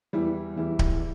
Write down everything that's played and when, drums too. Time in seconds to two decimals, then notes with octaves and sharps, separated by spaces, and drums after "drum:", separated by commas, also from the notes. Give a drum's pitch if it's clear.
0.13 E2 E3 G3 E4
0.56 E2 E3 G3 E4
0.79 drum: kick D1